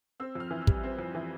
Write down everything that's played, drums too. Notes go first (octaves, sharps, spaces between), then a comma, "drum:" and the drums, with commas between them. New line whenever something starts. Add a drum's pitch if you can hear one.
C4 E6
F2 F6
E3
E6
G3, drum: kick
C4
F2
E3